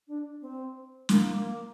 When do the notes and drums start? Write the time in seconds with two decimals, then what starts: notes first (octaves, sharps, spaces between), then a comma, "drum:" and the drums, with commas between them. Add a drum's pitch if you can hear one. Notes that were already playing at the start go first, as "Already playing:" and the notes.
0.08 D4
0.42 C4
1.09 A#3, drum: snare